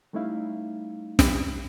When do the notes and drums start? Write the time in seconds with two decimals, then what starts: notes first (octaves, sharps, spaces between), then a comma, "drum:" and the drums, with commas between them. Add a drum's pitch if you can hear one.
0.13 G3 A3 C#4 D#4 E4 F5
1.19 drum: snare